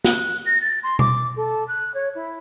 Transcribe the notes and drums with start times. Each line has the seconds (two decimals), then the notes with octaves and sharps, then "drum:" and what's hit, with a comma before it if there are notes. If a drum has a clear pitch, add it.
0.04 F#6, drum: snare
0.45 A#6
0.61 A6
0.83 C6
0.99 D6, drum: tom B2
1.36 A4
1.68 F#6
1.94 C#5
2.15 E4